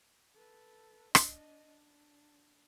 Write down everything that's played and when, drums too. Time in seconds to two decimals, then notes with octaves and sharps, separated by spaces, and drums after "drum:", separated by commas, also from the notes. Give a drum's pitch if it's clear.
0.35 A4 B4
1.15 D4 D#5, drum: rim click
1.67 D4